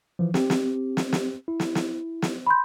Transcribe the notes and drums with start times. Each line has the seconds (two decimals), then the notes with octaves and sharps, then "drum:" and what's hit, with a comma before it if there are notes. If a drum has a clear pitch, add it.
0.19 E3 F3
0.34 C4 G4, drum: snare
0.50 drum: snare
0.97 drum: snare
1.13 drum: snare
1.48 E4
1.60 drum: snare
1.75 drum: snare
2.22 drum: snare
2.47 B5 C6 G6